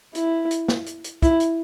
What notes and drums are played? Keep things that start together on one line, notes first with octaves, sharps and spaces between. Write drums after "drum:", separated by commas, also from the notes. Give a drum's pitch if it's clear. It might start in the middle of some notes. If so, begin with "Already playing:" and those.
E4, drum: hi-hat
drum: hi-hat
drum: snare
drum: hi-hat
drum: hi-hat
E4, drum: kick, hi-hat
drum: hi-hat